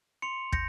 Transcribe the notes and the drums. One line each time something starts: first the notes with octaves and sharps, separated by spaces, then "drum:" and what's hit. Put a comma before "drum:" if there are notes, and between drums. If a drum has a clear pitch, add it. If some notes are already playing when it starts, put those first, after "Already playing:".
C6 C#7 F7
G6 A#6 C#7, drum: kick